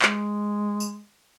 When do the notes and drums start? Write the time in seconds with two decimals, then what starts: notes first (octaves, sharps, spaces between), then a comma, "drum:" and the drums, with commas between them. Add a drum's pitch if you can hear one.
0.02 G#3, drum: clap
0.80 drum: tambourine